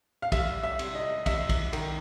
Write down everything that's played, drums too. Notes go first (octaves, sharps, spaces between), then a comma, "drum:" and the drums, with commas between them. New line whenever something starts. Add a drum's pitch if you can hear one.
F5
G3 E5, drum: kick, cymbal
E5
C3, drum: cymbal
D#5
C3 E5, drum: kick, cymbal
drum: kick, cymbal
D#3, drum: cymbal